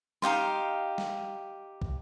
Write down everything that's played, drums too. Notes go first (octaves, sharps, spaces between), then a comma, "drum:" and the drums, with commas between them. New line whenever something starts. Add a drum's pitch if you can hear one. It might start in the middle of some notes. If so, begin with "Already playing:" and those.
D#4 G4 F5 C6, drum: snare
drum: snare
drum: kick